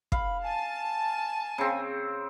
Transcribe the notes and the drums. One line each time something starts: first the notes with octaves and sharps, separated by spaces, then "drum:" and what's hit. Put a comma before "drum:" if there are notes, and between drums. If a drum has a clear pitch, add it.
F5 B5, drum: kick
G#5 A5
C#3 C4